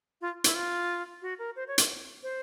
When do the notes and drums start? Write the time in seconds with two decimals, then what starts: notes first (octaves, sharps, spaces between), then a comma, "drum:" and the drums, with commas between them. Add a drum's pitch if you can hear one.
0.21 F4
0.44 E4, drum: hi-hat
0.55 F4
1.22 F#4
1.39 A#4
1.56 C5
1.68 C#5
1.78 drum: hi-hat
2.23 C5